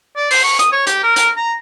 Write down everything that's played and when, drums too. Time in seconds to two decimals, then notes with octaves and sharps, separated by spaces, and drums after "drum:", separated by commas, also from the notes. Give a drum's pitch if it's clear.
0.17 D5
0.31 C5, drum: open hi-hat
0.44 C#6
0.59 D#6, drum: hi-hat
0.72 C#5
0.87 G4, drum: hi-hat
1.03 A#4
1.16 A#4, drum: hi-hat
1.37 A#5